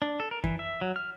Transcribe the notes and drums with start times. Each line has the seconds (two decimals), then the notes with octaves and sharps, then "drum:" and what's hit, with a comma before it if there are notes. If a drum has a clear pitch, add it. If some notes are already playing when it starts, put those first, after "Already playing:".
0.02 D4
0.20 A4
0.31 A#4
0.44 E3, drum: kick F#2
0.59 E5
0.81 F#3
0.96 F6